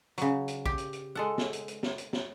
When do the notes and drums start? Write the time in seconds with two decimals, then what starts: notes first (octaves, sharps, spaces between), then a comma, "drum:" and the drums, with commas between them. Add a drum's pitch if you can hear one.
0.18 C#3 F#3, drum: hi-hat
0.48 drum: hi-hat
0.65 G4, drum: kick A#1
0.78 drum: hi-hat
0.93 drum: hi-hat
1.15 G#3 A4 F#5
1.38 drum: snare
1.53 drum: hi-hat
1.68 drum: hi-hat
1.83 drum: snare
1.98 drum: hi-hat
2.13 drum: snare